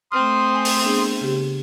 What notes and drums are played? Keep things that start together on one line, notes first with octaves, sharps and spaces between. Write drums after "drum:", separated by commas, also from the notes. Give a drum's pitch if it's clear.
A3 C4 C6 D#6 F6
G#5
drum: open hi-hat
B3 D4 G#4
C#3 G4